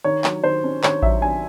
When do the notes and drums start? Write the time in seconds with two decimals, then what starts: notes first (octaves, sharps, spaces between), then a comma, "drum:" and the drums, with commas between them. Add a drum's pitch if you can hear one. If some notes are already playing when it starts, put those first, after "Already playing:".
0.04 D#3 C#5
0.24 F#3, drum: clap
0.44 D#3 C5
0.64 C#4
0.83 D#3 C#5, drum: clap
1.03 F#3 E5, drum: kick A1
1.22 D#3 G#5